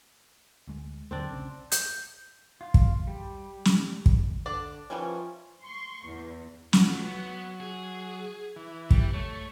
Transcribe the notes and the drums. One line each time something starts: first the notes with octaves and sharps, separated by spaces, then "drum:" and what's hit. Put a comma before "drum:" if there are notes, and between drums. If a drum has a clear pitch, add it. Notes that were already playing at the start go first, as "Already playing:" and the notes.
D2 G#3
D#2 D3 F#3 C4 D4 D5
A#1 C#3
G6, drum: hi-hat
F4
drum: kick
G3
drum: snare
drum: kick
D3 D4 D5
E3 F3 G3 C#4
C6 C#6
E2
F#3 A3 F4, drum: snare
B3 B4
G#4
E3
G3, drum: kick
A3 C#5